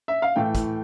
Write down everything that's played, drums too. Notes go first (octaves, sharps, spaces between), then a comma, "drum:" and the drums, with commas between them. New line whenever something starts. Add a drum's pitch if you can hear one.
E5
F5
A2 E3 A3 G5
drum: kick, hi-hat